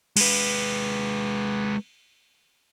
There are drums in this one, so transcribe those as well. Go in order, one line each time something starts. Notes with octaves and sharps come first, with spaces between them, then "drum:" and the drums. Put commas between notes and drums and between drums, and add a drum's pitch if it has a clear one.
G#3 B4, drum: cymbal